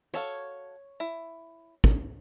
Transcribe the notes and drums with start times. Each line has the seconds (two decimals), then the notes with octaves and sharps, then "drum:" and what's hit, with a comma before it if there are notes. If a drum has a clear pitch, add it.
0.14 F#4 A4 C#5 F5
1.00 E4
1.84 drum: kick